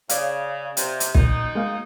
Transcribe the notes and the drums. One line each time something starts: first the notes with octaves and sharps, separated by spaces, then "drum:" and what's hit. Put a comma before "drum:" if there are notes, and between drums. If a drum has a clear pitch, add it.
C#3 C#5 D5 F5, drum: hi-hat
C3, drum: hi-hat
drum: hi-hat
F#2 A#2 D#4, drum: kick B1
G#3 A#3 F5